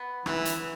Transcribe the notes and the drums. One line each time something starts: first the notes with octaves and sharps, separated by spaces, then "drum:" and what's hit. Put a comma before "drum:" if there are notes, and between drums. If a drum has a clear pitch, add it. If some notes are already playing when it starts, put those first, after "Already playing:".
Already playing: B3
E3, drum: rim click
drum: hi-hat